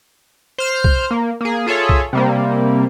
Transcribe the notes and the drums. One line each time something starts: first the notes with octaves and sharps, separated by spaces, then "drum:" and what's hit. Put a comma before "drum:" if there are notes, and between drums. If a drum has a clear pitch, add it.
C5 F6 G6
drum: kick
A#3
A#3 G#4
F4 G#4 A4 C#5 E5
drum: kick
C3 G3 A#3